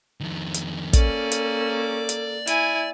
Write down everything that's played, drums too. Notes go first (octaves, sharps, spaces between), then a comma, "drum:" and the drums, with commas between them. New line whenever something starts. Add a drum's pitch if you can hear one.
F2 D#3
drum: hi-hat
A#3 C#4 A4 D5, drum: kick, hi-hat
drum: hi-hat
drum: hi-hat
E4 G#5, drum: hi-hat